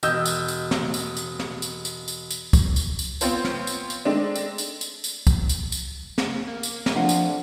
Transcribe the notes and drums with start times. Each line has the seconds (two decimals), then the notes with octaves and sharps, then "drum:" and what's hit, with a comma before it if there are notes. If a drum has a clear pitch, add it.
0.03 E1 D#5 E6 G6, drum: tambourine
0.26 drum: tambourine
0.48 drum: tambourine
0.71 drum: snare
0.94 drum: tambourine
1.17 drum: tambourine
1.39 drum: snare
1.62 drum: tambourine
1.85 drum: tambourine
2.08 drum: tambourine
2.31 drum: tambourine
2.53 drum: kick C2, tambourine
2.76 drum: tambourine
2.99 drum: tambourine
3.21 B3 C4 F4 C5 C#5, drum: tambourine
3.44 drum: snare
3.67 drum: tambourine
3.90 drum: tambourine
4.05 G#3 A3 C4 D4 D#4
4.36 drum: tambourine
4.58 drum: tambourine
4.81 drum: tambourine
5.04 drum: tambourine
5.27 drum: kick C2, tambourine
5.49 drum: tambourine
5.72 drum: tambourine
6.18 drum: snare
6.47 A#3
6.63 drum: tambourine
6.86 drum: snare
6.96 F3 A3 C4 D4 F5 F#5
7.09 drum: tambourine